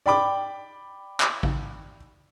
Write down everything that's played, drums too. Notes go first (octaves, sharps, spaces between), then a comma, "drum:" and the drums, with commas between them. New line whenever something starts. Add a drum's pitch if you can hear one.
D5 G5 B5 D6
drum: clap
drum: kick A1